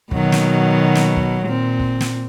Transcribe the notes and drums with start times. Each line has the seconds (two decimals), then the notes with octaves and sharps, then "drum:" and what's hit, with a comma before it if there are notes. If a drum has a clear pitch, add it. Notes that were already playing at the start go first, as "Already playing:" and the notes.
0.11 B2 D#3 F#3, drum: kick
0.32 drum: snare
0.95 drum: snare
1.16 drum: kick
1.44 A#2 C4
1.80 drum: kick
2.01 drum: snare